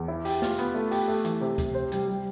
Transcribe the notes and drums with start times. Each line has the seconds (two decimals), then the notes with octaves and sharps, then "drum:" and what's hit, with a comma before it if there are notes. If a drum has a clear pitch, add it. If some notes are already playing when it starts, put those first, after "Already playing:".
Already playing: E2
0.08 E4
0.25 G4, drum: open hi-hat
0.42 F4, drum: snare
0.59 B3, drum: hi-hat
0.74 A3
0.91 G4, drum: open hi-hat
1.08 A3
1.25 E3, drum: hi-hat
1.41 C3
1.58 C3, drum: kick C#2, hi-hat
1.75 C5
1.92 G3, drum: hi-hat
2.08 G3